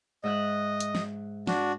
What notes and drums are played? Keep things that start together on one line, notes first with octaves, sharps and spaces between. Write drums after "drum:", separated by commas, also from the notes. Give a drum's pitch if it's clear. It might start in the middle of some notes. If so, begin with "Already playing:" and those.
G#2 D#5 E5 F#6
drum: hi-hat
drum: snare
D4 F#4, drum: snare